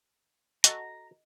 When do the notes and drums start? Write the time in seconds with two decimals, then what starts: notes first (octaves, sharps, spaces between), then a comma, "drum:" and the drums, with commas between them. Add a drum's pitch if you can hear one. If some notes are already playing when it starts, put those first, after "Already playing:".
0.64 F#4 A4 D#5 A#5, drum: hi-hat